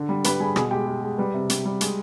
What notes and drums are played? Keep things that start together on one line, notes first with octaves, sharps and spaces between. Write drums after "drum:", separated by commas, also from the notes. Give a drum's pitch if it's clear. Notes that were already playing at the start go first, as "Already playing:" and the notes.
Already playing: D3
G3
G3 B4 B5, drum: hi-hat
G3 G#4 G#5
B2 G#4 G#5, drum: rim click
G#3 G4 G5
G#3
G#3
G3 B4
C3
G3, drum: hi-hat
G3
G#3 G#4, drum: hi-hat